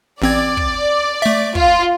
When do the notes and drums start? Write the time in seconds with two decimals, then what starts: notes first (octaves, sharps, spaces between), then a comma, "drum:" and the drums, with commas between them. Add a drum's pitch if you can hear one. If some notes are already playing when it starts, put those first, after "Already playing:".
0.22 A1 C4 D5 G#6
0.57 drum: kick
1.22 A3 E5
1.55 F4, drum: kick